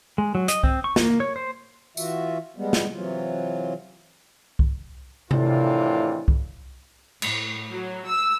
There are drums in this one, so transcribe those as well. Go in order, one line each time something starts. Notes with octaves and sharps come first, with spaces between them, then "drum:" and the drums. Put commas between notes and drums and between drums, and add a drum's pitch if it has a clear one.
G#3
F#3
D#5, drum: hi-hat
C4, drum: kick C2
C#6
A#3, drum: snare
C#5
C5
E3 F4 F#4 E5, drum: tambourine
G3 G#3 B3
drum: snare
C3 E3 F#3 F4
drum: kick C2
A2 C3 D#3 E3 D4 F4, drum: tom C3
drum: kick C2
A2, drum: cymbal
F#3
E6